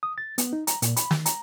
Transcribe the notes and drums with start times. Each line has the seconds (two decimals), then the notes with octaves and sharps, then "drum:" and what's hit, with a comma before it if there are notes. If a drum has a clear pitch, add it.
0.03 D#6
0.18 A6
0.38 B3, drum: hi-hat
0.53 D#4
0.67 A#5, drum: hi-hat
0.82 A#2, drum: hi-hat
0.97 B5, drum: hi-hat
1.11 D#3, drum: snare
1.26 A#5, drum: hi-hat